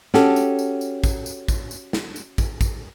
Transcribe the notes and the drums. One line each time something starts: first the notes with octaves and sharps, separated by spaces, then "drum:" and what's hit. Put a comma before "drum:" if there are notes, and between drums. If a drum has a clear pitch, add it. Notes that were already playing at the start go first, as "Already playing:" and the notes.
C#4 F#4 G4 A4, drum: snare
drum: tambourine
drum: tambourine
drum: tambourine
drum: kick, tambourine
drum: tambourine
drum: kick, tambourine
drum: tambourine
drum: snare
drum: tambourine
drum: kick, tambourine
drum: kick, tambourine